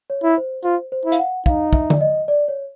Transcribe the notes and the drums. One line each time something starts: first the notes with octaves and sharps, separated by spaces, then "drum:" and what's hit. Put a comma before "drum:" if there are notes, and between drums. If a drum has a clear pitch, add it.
C#5
E4
C5
F4 C5
C5
E4
F5, drum: hi-hat
F#5
D#4 F5, drum: kick
E5, drum: kick
D5, drum: tom D3
D#5
D5
C#5